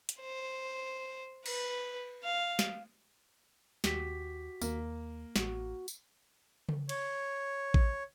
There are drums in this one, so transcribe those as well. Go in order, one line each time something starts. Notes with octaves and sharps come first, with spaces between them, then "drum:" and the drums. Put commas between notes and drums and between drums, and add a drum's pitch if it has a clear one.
drum: hi-hat
C5
B4, drum: cymbal
F5
drum: snare
D#2 F#4 G4 B6, drum: snare
D#2 A#3, drum: tambourine
A1 F#4, drum: snare
drum: tambourine
drum: tom C#3
C#5, drum: cymbal
drum: kick A1